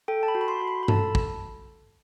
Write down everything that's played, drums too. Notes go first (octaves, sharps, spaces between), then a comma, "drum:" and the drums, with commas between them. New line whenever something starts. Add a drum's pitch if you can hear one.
A4 G5
A5
B5
F#4
B5
C6
F#4
B5
B5
A4 A5, drum: tom G2
drum: kick